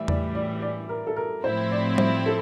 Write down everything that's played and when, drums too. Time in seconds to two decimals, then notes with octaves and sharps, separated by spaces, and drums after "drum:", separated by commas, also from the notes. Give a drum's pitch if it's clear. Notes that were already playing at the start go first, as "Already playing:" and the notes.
Already playing: A2 E3 G3 E5
0.08 D5, drum: tom E2
0.35 D5
0.62 D5
0.89 A#4
1.07 A4
1.16 A#4
1.44 A2 F3 C4 E4 C5
1.72 D5
1.98 C5, drum: tom G3
2.26 A4